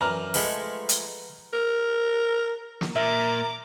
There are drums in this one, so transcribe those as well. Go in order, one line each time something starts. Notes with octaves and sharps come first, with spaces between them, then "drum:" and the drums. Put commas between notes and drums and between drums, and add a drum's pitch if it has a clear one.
F#2 E3 D4 A#5 F6
F3 G#3 A3 B4 F#5, drum: open hi-hat
drum: hi-hat
A#4
drum: snare
A#2 A#4 E5 A#5 D6